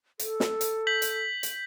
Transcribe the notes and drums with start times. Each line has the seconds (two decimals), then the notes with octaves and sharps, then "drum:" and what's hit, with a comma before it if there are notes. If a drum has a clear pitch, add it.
0.19 A4, drum: hi-hat
0.40 drum: snare
0.61 drum: hi-hat
0.87 G6 B6 F#7
1.02 drum: hi-hat
1.43 drum: hi-hat